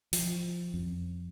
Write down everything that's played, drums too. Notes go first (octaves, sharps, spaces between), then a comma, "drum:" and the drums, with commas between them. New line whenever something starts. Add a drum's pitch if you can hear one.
F3, drum: open hi-hat
F2